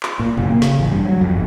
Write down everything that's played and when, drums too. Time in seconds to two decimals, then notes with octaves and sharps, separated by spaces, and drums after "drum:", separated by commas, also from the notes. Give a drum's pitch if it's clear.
0.03 drum: clap
0.20 A#2
0.37 F#1, drum: tom A#2
0.49 A#3
0.62 C#3, drum: snare
0.79 A1
0.92 G2
1.08 F#3
1.21 F2
1.34 G1